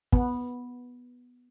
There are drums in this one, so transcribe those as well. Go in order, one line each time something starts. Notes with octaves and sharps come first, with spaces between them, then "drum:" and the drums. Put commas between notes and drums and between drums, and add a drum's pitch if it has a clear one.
B3, drum: kick